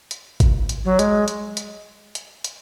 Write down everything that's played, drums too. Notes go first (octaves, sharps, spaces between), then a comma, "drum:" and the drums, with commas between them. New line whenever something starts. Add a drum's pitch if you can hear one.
drum: hi-hat
drum: kick G#1, hi-hat
drum: hi-hat
F#3
G#3, drum: hi-hat
drum: hi-hat
drum: hi-hat
drum: hi-hat
drum: hi-hat